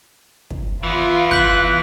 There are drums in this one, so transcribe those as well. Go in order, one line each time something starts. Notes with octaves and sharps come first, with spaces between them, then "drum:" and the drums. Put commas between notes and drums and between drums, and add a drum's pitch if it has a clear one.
drum: kick
E3 B3 F4
F#6 G6 B6 F#7, drum: kick